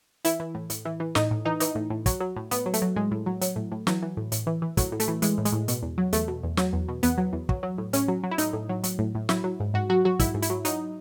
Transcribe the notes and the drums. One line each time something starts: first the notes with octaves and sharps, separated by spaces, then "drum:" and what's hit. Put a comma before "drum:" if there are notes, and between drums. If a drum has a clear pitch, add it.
E3 E4, drum: hi-hat
E3
A2
A2, drum: hi-hat
E3
E3
A2 D#4, drum: snare
A2
E3 D#4
E3 D#4, drum: hi-hat
A2
A2
F#3, drum: kick, hi-hat
F#3
A2
A2 B3, drum: hi-hat
F#3
A3, drum: hi-hat
F#3
A2 G#3
A2
F#3
F#3, drum: hi-hat
A2
A2
E3 F#3, drum: snare
E3
A2
A2, drum: hi-hat
E3
E3
A2 F#3, drum: kick, hi-hat
A2
A3, drum: hi-hat
E3
E3 G#3, drum: hi-hat
A2
G#3, drum: hi-hat
A2
B2, drum: hi-hat
E2
F#3
E2 A3, drum: hi-hat
B2
E2
F#3, drum: snare
E2
B2
E2 B3, drum: hi-hat
F#3
E2
F#3, drum: kick
F#3
A2
A2 C#4, drum: hi-hat
F#3
F#3
E4
A2 D#4, drum: hi-hat
A2
F#3
F#3, drum: hi-hat
A2
A2
F#3 E4, drum: snare
F#3
G#2
G#2 F#4
F#3 F#4
F#3 F#4
G#2 E4, drum: kick, hi-hat
G#2
E4, drum: hi-hat
F#3
F#3 D#4, drum: hi-hat